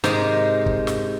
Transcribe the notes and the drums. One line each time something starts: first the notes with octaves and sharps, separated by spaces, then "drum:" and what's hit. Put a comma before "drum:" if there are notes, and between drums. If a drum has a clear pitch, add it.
G#2 C3 G#3 D#4 A#4 C5, drum: snare
drum: kick
drum: snare